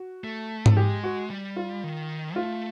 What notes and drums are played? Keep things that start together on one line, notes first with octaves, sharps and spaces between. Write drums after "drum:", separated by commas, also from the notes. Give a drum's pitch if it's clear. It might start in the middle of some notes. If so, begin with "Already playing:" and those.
Already playing: F#4
A3
drum: tom G#2
G#3 G4
F#4
G3
F4
D#3
A3 F4